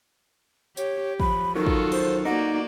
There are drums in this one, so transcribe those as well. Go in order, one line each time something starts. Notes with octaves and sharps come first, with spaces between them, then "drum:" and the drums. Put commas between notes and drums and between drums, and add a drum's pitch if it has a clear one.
G4 C#5, drum: tambourine
F3 B5, drum: kick
D#3 F#3 F4 F#4 A4 A#4
drum: kick
C5, drum: cymbal
A#3 D#4 F#4 D5 F#5